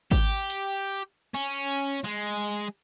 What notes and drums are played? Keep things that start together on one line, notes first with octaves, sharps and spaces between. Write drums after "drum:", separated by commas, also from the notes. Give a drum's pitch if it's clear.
G4, drum: kick G#1
drum: hi-hat
C#4, drum: cymbal
G#3